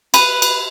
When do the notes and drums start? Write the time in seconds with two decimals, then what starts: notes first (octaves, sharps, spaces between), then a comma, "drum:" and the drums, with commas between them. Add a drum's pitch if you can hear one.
0.14 B4, drum: cymbal
0.42 drum: cymbal